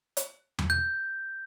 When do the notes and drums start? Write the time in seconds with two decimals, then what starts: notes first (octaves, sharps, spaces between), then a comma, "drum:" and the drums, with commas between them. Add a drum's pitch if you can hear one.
0.17 drum: hi-hat
0.59 drum: tom E2
0.70 G6